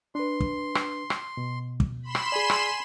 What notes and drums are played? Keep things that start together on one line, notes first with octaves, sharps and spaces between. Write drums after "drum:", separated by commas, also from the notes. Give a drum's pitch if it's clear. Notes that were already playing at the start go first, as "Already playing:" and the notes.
D4 B4 C6
drum: kick
drum: rim click
drum: rim click
B2
drum: kick
B5 C6 E7
drum: rim click
G#4 D5 G#5
drum: rim click